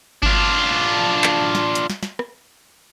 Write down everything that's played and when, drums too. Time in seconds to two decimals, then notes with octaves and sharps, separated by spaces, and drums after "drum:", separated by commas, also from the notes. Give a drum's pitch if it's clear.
0.23 D4 F4, drum: kick G1
1.24 drum: clap
1.55 drum: snare
1.75 drum: hi-hat
1.90 drum: snare
2.03 drum: snare
2.19 drum: rim click